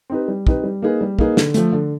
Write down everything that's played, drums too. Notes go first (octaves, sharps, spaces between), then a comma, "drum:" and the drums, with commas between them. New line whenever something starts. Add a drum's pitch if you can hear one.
C4 D#4 G4 B4
G3
C4 D#4 G4 B4, drum: kick
G3
A#3 D#4 G#4 B4
G3
A#3 D#4 G#4 B4, drum: kick
D3, drum: snare
F3 A3, drum: hi-hat
D3